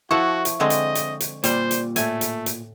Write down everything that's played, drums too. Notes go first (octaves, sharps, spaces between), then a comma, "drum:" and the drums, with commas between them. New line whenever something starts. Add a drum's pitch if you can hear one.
F3 E4 F#4 A4 F#5 C#6
drum: hi-hat
D3 G#3 C4 D#5
drum: hi-hat
drum: hi-hat
drum: hi-hat
A#2 G3 C5, drum: hi-hat
drum: hi-hat
A2 A3 G#5, drum: hi-hat
drum: hi-hat
drum: hi-hat